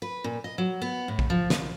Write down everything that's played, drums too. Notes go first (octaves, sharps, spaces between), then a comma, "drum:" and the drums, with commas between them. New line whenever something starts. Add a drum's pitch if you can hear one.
B4
A#2
D#5
F#3
B3
A2
drum: kick A#1
F3
D#2, drum: snare